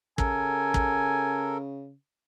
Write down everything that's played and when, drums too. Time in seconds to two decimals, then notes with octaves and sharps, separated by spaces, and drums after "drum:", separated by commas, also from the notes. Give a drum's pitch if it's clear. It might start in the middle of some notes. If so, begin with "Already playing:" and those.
0.18 C#3 A4 A#4 G#5, drum: kick
0.74 drum: kick